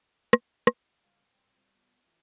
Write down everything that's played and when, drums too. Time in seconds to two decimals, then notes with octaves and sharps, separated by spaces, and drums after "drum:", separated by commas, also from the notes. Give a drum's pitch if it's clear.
0.33 drum: rim click
0.67 drum: rim click
1.04 C#3 G3 F4 B4
1.32 C3 G3 C4 B4
1.52 G3 F4
1.74 B3
2.07 E3 F4 G4